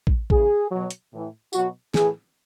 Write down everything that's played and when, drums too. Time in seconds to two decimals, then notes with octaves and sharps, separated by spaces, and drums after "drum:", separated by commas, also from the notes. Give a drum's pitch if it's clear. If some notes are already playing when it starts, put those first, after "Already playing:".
0.07 drum: kick
0.30 C#3 E3 G#4, drum: kick
0.70 B2 F#3
0.90 drum: hi-hat
1.11 A2 E3
1.53 B2 F#3 F#4, drum: tambourine
1.94 A2 E3 G#4, drum: snare